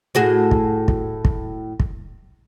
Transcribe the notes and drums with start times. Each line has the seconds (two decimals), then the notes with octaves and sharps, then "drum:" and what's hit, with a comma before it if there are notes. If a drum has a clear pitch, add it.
0.15 A2 F#4 G#4
0.51 drum: kick
0.88 drum: kick
1.25 drum: kick
1.80 drum: kick